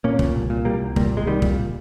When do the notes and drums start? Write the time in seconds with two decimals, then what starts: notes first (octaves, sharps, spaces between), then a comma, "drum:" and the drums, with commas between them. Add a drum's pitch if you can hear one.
0.04 A#2 A#3 C#4
0.19 A#2, drum: kick
0.35 C2
0.50 A#2
0.65 C2 G3 A#3
0.81 C2
0.96 A#2 G3 A#3, drum: kick
1.12 C2
1.17 G#3
1.27 C2 D#3 G3
1.42 A#2, drum: kick